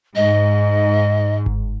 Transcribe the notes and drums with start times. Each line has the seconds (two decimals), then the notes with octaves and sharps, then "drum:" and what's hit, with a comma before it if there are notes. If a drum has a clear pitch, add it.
0.16 G#2 D#5
1.46 drum: kick G1